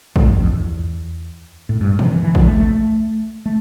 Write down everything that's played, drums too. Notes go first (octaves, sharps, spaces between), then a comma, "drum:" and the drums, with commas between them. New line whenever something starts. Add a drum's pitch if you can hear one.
A2, drum: kick
G2
F2
E2
A2
G2
C3, drum: tom D#3
E3
E3
F3, drum: kick
A3
A3
A3